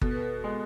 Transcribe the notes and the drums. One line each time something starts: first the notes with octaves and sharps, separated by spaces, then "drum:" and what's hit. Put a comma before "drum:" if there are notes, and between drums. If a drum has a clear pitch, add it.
B2 A4, drum: kick G1
B4
A4
G#3